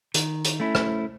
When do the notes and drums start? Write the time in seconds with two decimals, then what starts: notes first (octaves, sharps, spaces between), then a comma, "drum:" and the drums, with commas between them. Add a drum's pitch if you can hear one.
0.14 D#3, drum: hi-hat
0.45 drum: hi-hat
0.60 A3 C#4 E4
0.75 drum: rim click